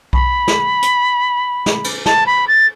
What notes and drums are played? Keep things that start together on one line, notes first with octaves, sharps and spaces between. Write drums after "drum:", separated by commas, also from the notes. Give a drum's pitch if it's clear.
B5, drum: kick B1
drum: snare
drum: hi-hat
drum: snare
drum: cymbal
A5, drum: snare
B5
A6